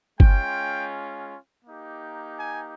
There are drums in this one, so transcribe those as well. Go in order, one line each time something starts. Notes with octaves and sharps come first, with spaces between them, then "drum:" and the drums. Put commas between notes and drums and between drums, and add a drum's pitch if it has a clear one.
G#3 C#4 F4 G5, drum: kick G1
A#3 D#4 G4
G#5